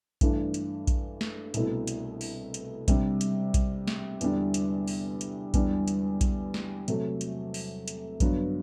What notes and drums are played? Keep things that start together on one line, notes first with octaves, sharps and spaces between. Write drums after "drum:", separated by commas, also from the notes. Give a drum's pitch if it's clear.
G2 E3 A3 D4, drum: kick A#1, hi-hat
drum: hi-hat
drum: kick A#1, hi-hat
drum: snare
C2 B2 A3 E4, drum: hi-hat
drum: hi-hat
drum: open hi-hat
drum: hi-hat
C3 G3 D4, drum: kick A#1, hi-hat
drum: hi-hat
drum: kick A#1, hi-hat
drum: snare
E2 D3 G3 D4, drum: hi-hat
drum: hi-hat
drum: open hi-hat
drum: hi-hat
E2 D3 G3 D4, drum: kick A#1, hi-hat
drum: hi-hat
drum: kick A#1, hi-hat
drum: snare
C3 F#3 A3, drum: hi-hat
drum: hi-hat
drum: open hi-hat
drum: hi-hat
G2 D3 F#3 B3, drum: kick A#1, hi-hat